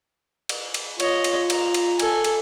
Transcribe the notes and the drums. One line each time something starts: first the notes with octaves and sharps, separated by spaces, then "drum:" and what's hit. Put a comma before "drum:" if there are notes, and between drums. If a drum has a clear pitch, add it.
drum: cymbal
drum: cymbal
F4 C#5 D#5, drum: cymbal
drum: cymbal
A#5, drum: cymbal
drum: cymbal
A4 G#5, drum: cymbal
drum: cymbal